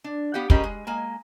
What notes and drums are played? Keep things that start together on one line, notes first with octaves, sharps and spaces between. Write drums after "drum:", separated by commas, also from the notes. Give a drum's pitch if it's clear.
D4
B3 G4 F5 F#5
G3 C#4 G4 G#4 A#4 D#5, drum: kick
G#3
G#3 A#3 G#5